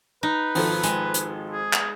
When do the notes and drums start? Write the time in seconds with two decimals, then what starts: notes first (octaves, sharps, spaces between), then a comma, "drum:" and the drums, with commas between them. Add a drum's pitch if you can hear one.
0.23 D#4 B4
0.55 G#1 F3 A4, drum: open hi-hat
0.83 G#3, drum: hi-hat
1.14 drum: hi-hat
1.51 G#4
1.73 drum: clap